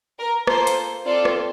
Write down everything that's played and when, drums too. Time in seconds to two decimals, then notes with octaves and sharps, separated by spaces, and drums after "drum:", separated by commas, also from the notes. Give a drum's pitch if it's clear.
0.18 A#4
0.47 A#3 F4 A4 C5, drum: rim click
0.67 drum: hi-hat
1.06 C4 F4 A4 D5
1.25 drum: rim click